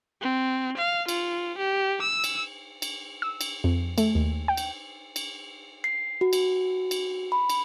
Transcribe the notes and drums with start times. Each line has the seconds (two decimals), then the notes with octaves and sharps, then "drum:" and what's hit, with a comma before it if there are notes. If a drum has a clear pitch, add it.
0.22 C4
0.78 F5
1.08 F4, drum: cymbal
1.58 G4
2.02 E6
2.24 drum: cymbal
2.82 drum: cymbal
3.22 E6
3.41 drum: cymbal
3.64 F2
3.98 A3, drum: cymbal
4.15 D#2
4.48 G5
4.57 drum: cymbal
5.16 drum: cymbal
5.84 C7
6.21 F#4
6.33 drum: cymbal
6.91 drum: cymbal
7.32 B5
7.50 drum: cymbal